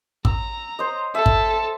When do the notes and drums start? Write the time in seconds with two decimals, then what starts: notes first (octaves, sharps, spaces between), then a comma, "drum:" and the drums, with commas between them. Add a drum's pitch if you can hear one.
0.25 A#5 E6, drum: kick
0.79 C5 D#5
1.15 A4 E5 A5
1.26 drum: kick